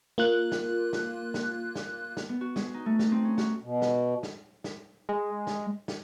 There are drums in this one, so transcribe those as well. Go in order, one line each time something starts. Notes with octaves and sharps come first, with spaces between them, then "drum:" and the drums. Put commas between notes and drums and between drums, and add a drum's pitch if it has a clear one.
A#3 F4 F#6
drum: snare
drum: snare
drum: snare
drum: snare
drum: snare
B3
F#4
G#3, drum: snare
D#4
A3
D#4, drum: snare
C4
C#4
F#4, drum: snare
B2
drum: snare
drum: snare
drum: snare
G#3
drum: snare
drum: snare